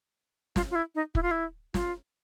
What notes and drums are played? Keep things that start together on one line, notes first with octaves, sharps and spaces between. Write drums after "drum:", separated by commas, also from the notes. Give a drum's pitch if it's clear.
F4, drum: snare
F4
E4
D#4
E4, drum: kick
F4
E4
F4, drum: snare